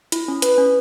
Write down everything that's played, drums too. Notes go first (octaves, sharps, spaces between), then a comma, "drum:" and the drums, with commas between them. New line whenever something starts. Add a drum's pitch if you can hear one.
E4, drum: hi-hat
C#4
B4, drum: hi-hat
C#4